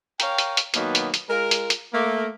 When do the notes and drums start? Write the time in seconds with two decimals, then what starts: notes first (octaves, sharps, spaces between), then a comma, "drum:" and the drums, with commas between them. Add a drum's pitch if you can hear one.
0.20 A#4 C#5 F5 G5, drum: hi-hat
0.38 drum: hi-hat
0.57 drum: hi-hat
0.74 B2 D#3 F#3 A#3 B3, drum: hi-hat
0.95 drum: hi-hat
1.14 drum: hi-hat
1.28 G#3 F4 A#4
1.51 drum: hi-hat
1.70 drum: hi-hat
1.93 A3 A#3